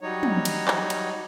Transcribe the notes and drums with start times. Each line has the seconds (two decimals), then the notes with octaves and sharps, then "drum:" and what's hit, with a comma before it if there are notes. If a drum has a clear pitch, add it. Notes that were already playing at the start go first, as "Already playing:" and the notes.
0.01 F#3 G3 D#4 C#5
0.23 drum: tom
0.45 drum: cymbal
0.68 drum: clap
0.90 drum: cymbal